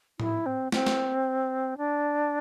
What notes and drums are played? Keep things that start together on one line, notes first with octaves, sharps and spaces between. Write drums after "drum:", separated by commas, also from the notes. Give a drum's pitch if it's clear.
E4, drum: tom A2
C4
C4, drum: snare
drum: snare
D4